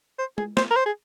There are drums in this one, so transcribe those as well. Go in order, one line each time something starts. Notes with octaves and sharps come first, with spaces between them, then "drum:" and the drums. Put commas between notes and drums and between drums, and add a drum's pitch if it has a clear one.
C5
G#4, drum: tom G#3
C5, drum: snare
A#4
C5
G#4